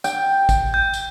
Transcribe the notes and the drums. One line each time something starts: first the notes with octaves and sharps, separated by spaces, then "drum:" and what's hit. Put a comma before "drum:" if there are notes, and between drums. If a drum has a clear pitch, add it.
G5, drum: tambourine
drum: kick, tambourine
G6
drum: tambourine